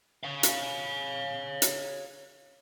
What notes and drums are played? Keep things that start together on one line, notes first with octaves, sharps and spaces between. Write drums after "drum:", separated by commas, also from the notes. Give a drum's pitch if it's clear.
C#5 F5
drum: hi-hat
drum: hi-hat